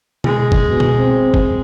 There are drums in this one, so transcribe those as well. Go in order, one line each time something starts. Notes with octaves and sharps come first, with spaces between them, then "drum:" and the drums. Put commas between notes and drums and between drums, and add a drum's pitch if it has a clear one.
G#3, drum: tom B2
drum: kick
B2
drum: tom B2
C4
drum: kick